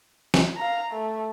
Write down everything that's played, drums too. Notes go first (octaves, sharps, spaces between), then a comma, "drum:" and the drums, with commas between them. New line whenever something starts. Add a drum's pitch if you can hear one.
drum: snare
F5 A#5
A3